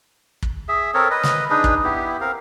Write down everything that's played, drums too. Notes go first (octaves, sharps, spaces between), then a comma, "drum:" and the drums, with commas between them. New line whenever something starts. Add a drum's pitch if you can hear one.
drum: kick
G#4 E5
C4 A4 A#4 C#5
B4 D#5
drum: snare
D4 D#4 G#4 B4
drum: kick
B3 E4 G4
C4 A#4 F5